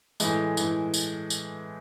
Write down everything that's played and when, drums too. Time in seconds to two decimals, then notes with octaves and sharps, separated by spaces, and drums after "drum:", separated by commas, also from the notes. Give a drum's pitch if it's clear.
0.20 A2 E3 G#3, drum: tambourine
0.57 A2 E3, drum: tambourine
0.94 drum: tambourine
1.30 drum: tambourine